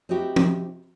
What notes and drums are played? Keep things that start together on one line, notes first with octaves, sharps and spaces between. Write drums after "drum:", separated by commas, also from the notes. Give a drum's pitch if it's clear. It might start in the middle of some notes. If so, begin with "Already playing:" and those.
C4 D#4 E4 F#4 G4
drum: tom